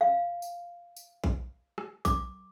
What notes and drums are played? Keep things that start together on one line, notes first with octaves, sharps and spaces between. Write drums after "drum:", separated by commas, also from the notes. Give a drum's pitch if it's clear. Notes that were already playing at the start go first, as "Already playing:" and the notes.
F5
drum: tambourine
drum: tambourine
drum: kick A#1
drum: rim click
D6, drum: kick A#1, tambourine